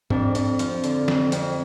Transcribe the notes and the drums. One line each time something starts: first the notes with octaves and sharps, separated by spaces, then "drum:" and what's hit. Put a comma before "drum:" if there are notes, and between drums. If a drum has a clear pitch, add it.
F2 D4, drum: tom G#2
F2, drum: hi-hat
F3, drum: hi-hat
D3, drum: hi-hat
F2, drum: snare
F2, drum: hi-hat